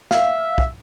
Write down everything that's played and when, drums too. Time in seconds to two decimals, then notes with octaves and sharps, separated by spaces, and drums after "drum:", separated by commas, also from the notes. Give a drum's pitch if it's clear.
0.11 E5 F5, drum: snare
0.58 drum: kick